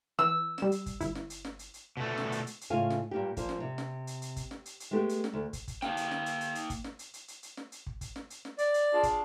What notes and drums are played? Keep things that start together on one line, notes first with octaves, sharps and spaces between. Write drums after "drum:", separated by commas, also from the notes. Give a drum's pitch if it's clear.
E3 E6
G3 E7, drum: snare
drum: hi-hat
drum: kick, hi-hat
G1 E4, drum: kick, hi-hat
drum: snare
drum: hi-hat
drum: snare
drum: hi-hat
drum: hi-hat
B2 A3
drum: snare
drum: hi-hat
drum: hi-hat
drum: hi-hat
A2 C#3 F4 F5 G#5
drum: snare
G2 A#2 G4
A#2 F3 A#3, drum: kick, hi-hat
drum: snare
C3
drum: snare
drum: hi-hat
drum: hi-hat
drum: kick, hi-hat
drum: snare
drum: hi-hat
drum: hi-hat
G#3 A3 B3 G4
drum: hi-hat
drum: snare
D2
drum: kick, hi-hat
drum: kick, hi-hat
A#3 F5 G5, drum: snare
drum: hi-hat
drum: snare
drum: hi-hat
drum: hi-hat
drum: hi-hat
drum: kick, hi-hat
drum: snare
drum: hi-hat
drum: hi-hat
drum: hi-hat
drum: hi-hat
drum: snare
drum: hi-hat
drum: kick
drum: kick, hi-hat
drum: snare
drum: hi-hat
drum: snare
D5, drum: hi-hat
drum: hi-hat
D4 F4 G#4
drum: kick, hi-hat